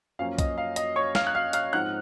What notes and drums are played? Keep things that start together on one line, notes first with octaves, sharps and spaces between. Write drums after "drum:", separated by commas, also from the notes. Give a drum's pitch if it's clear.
F#2 F3 A#3 C#4 F5
D#5, drum: kick B1, hi-hat
F5
D#5, drum: hi-hat
C#5 C#6
F5 F6, drum: snare
F#6
F5 F6
F5 F6, drum: hi-hat
G#2 F3 C4 D#4 F#5 F#6